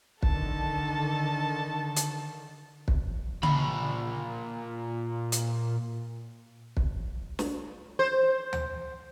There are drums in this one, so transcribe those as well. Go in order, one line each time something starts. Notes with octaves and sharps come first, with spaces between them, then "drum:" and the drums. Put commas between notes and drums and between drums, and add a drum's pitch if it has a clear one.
D3 D#3 A4 A5, drum: kick
drum: hi-hat
drum: kick
A#2 B5, drum: tom C#3
drum: hi-hat
drum: kick
drum: snare
C5
drum: tom D2